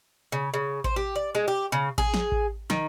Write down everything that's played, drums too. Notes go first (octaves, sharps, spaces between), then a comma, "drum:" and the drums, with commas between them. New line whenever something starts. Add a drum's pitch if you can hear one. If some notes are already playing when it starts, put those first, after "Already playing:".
C#3
C#3
C5, drum: kick A1
G4
D5
G#3
G4
C#3
G#4, drum: kick A1
drum: snare
drum: kick A1
D#3, drum: snare